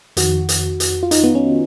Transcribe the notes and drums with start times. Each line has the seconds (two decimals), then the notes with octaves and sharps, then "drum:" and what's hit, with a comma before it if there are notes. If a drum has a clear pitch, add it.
0.17 F2 D#3 F#4, drum: hi-hat
0.49 drum: hi-hat
0.80 drum: hi-hat
1.03 F4
1.11 D#4, drum: hi-hat
1.24 B3
1.35 C#4